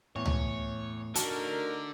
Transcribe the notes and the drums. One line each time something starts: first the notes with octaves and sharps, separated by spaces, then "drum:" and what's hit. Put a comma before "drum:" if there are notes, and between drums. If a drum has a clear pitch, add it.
E2 A2 C#5
drum: tom C#2
D3 A3 D#4 F#4 A#4 A5, drum: hi-hat